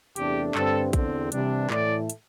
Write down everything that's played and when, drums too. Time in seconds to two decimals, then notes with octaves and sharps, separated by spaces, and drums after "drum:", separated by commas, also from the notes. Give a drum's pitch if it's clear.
0.16 E2 C3 A3 D4 G4, drum: hi-hat
0.55 G2 D3 C4 A4, drum: clap
0.93 E2 D3 C4, drum: kick A#1, hi-hat
1.32 C3 E3 G3 D4, drum: hi-hat
1.70 A2 E3 A3 D5, drum: clap
2.10 drum: hi-hat